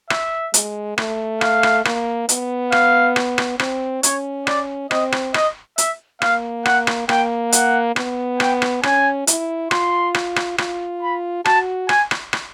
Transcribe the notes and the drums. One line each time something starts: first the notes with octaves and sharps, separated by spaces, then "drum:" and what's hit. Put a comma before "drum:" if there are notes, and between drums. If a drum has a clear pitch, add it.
E5, drum: rim click
G#3, drum: hi-hat
A3, drum: rim click
F5, drum: rim click
drum: rim click
A#3, drum: rim click
B3, drum: hi-hat
F5, drum: rim click
drum: rim click
drum: rim click
C4, drum: rim click
C#4 C#5, drum: hi-hat
D5, drum: rim click
C4 D#5, drum: rim click
drum: rim click
D#5, drum: rim click
E5, drum: hi-hat
A#3 F5, drum: rim click
F#5, drum: rim click
drum: rim click
A#3 G5, drum: rim click
F#5, drum: hi-hat
B3, drum: rim click
G5, drum: rim click
drum: rim click
C#4 G#5, drum: rim click
E4, drum: hi-hat
F4 C6, drum: rim click
drum: rim click
drum: rim click
F4, drum: rim click
B5
F#4 A5, drum: rim click
G#5, drum: rim click
drum: rim click
drum: rim click